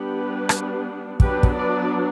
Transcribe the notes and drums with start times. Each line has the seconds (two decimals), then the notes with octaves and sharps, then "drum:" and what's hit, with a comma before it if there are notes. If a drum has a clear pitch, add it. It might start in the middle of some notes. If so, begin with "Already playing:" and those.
Already playing: G3 B3 D4 G4 B4
0.49 drum: rim click
1.20 F#3 B3 D4 G4 B4, drum: kick
1.43 drum: kick
1.55 B4 D5